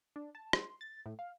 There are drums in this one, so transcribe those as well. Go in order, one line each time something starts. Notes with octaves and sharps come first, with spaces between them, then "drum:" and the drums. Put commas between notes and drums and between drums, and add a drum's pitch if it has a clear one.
D4
A5
C6, drum: rim click
A6
A2
F5